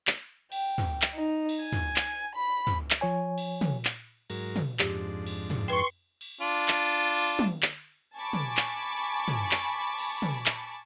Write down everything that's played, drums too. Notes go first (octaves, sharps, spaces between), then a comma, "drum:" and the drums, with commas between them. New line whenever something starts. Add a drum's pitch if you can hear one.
drum: clap
G5, drum: cymbal
drum: tom
drum: clap
D#4
drum: cymbal
G#5
drum: tom
drum: clap
B5
drum: tom
drum: clap
F3 C#5 G#5
drum: cymbal
drum: tom
drum: clap
G#2 F#3 A#4, drum: cymbal
drum: tom
F2 G#2 D4 G4, drum: clap
drum: cymbal
drum: tom
B4 G5 C6 C#6
drum: cymbal
D4 F4
drum: clap
drum: cymbal
drum: tom
drum: clap
G#5 A5 B5 C#6 D6
drum: tom
drum: clap
drum: tom
drum: clap
drum: cymbal
drum: tom
drum: clap